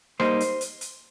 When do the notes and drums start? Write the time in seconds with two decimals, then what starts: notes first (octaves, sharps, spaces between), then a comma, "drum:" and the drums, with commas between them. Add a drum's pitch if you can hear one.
0.20 G3 A#3 D#4 C5, drum: rim click
0.40 drum: hi-hat
0.61 drum: hi-hat
0.81 drum: hi-hat